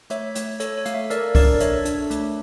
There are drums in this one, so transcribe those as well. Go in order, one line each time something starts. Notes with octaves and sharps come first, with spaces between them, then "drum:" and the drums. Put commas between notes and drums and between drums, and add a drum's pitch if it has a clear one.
A3 C#5 E5, drum: hi-hat
A3 C#5, drum: hi-hat
A4 C#5, drum: hi-hat
C#5
A3 F5, drum: hi-hat
C#5 E5
A4 A#4 D5, drum: hi-hat
D4 A#4 D5, drum: kick C2, open hi-hat
A4 C#5 E5, drum: hi-hat
D4, drum: hi-hat
A3, drum: hi-hat